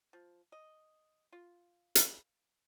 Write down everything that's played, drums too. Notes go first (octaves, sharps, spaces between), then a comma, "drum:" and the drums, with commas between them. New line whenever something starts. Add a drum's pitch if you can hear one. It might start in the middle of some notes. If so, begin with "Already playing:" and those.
F3
D#5
F4
drum: hi-hat